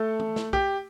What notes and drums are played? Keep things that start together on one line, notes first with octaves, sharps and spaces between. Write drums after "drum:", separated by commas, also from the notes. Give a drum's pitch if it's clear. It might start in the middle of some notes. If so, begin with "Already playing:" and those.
Already playing: A3 A4
drum: tom
drum: snare
G4, drum: kick